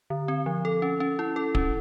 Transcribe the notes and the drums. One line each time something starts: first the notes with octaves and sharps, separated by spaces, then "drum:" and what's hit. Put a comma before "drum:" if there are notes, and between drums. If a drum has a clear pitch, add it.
D3
C4
F3
A4
C#4
C#4
E4
A4
C#4, drum: kick D1